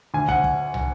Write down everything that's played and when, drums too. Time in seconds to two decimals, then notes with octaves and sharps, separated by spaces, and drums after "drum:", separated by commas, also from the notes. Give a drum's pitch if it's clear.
0.14 D2 G#5
0.29 F#5, drum: kick
0.44 drum: kick
0.74 drum: tom